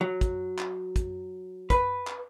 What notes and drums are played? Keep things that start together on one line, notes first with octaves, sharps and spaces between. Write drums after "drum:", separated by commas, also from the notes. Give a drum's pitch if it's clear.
F#3
drum: kick, hi-hat
drum: clap
drum: kick, hi-hat
B4, drum: kick, hi-hat
drum: clap